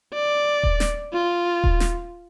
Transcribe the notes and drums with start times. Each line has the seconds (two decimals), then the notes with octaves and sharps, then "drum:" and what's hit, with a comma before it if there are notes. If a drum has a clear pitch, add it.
0.13 D5
0.63 drum: kick D#1
0.80 drum: snare
1.13 F4
1.64 drum: kick D#1
1.80 drum: snare